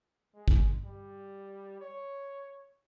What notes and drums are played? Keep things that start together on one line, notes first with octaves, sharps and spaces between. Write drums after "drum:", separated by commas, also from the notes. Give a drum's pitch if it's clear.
G#3
drum: kick
G3
C#5